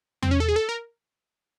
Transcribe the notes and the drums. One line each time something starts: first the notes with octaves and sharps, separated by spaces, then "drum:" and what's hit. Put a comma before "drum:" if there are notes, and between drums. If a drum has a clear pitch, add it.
C4, drum: tom E2
C#4
A4
G#4
A4
A#4